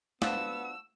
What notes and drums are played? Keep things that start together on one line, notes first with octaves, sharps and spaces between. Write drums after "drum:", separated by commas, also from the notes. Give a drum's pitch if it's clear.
F3 B3 D4 F#4 E6, drum: snare